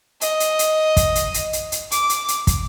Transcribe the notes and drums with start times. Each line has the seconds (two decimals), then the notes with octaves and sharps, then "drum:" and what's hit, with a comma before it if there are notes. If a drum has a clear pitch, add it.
0.21 D#5, drum: hi-hat
0.40 drum: hi-hat
0.59 drum: hi-hat
0.97 drum: kick, hi-hat
1.15 drum: hi-hat
1.34 drum: hi-hat
1.53 drum: hi-hat
1.72 drum: hi-hat
1.91 D6, drum: hi-hat
2.10 drum: hi-hat
2.28 drum: hi-hat
2.47 drum: kick, hi-hat